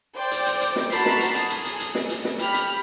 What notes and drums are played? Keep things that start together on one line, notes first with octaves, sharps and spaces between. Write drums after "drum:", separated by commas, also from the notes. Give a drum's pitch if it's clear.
C5 D5 G5 D6
drum: hi-hat
drum: hi-hat
drum: hi-hat
drum: snare
F#4 A#4 A5 B5 C7, drum: hi-hat
drum: snare
drum: hi-hat
G#4, drum: hi-hat
drum: hi-hat
drum: hi-hat
drum: hi-hat
drum: snare
drum: hi-hat
drum: snare
G4 B5 F6, drum: hi-hat
drum: hi-hat